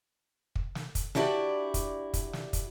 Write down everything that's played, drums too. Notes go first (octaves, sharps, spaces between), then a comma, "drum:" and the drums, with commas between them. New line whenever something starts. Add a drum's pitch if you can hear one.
drum: kick
drum: snare
drum: kick, hi-hat
D4 E4 F#4 G4 D5, drum: snare
drum: kick, hi-hat
drum: kick, hi-hat
drum: snare
drum: kick, hi-hat